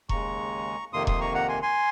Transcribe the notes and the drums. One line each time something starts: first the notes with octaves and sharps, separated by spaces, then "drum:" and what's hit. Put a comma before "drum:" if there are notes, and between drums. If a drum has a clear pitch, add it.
D#2 C#3 G#3 A#5 C#6, drum: kick E1
F2 C3 D#3 A#3 C6 D#6
C6 D#6, drum: kick E1
A#5 C#6
F#5 A#5
G#5 C6
G#5 C6